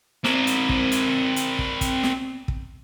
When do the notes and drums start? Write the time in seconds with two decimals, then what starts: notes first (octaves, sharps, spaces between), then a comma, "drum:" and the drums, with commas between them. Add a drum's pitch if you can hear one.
0.24 C4 A#4, drum: snare
0.47 drum: hi-hat
0.69 drum: kick
0.92 drum: hi-hat
1.36 drum: hi-hat
1.59 drum: kick
1.81 drum: kick, hi-hat
2.03 drum: snare
2.48 drum: kick